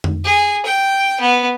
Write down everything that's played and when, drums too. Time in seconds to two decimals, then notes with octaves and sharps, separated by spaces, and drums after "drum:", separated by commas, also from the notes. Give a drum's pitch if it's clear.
0.04 drum: tom F2
0.25 G#4
0.66 G5
1.21 B3